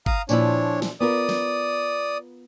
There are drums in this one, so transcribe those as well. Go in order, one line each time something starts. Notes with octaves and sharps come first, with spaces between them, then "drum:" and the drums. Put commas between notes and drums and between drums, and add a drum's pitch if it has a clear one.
F5 A#5 D#6, drum: kick G1
A#2 F3 D4 E4 C#5, drum: tambourine
drum: snare
B3 F4 A#4 D5 D#6
drum: snare